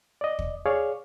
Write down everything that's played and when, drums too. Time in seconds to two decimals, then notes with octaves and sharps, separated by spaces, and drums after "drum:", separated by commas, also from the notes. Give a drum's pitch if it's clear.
0.21 D5 D#5
0.39 drum: kick
0.66 G#4 C#5 D5 F5